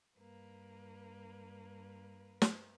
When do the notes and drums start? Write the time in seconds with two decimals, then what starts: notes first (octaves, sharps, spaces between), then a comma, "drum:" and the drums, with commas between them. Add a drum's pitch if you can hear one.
0.17 G2 A#3 B4
2.42 drum: snare